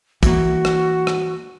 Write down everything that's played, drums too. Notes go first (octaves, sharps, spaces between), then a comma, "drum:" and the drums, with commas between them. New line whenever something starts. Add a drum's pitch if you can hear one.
E3 A#3 F#4, drum: kick A#1, hi-hat
drum: rim click
drum: rim click